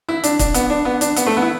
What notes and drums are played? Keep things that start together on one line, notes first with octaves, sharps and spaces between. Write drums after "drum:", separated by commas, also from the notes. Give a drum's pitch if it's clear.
E4
D4, drum: hi-hat
D4, drum: kick, hi-hat
B3, drum: hi-hat
D4
B3
D4, drum: hi-hat
B3, drum: hi-hat
A3
B3
E4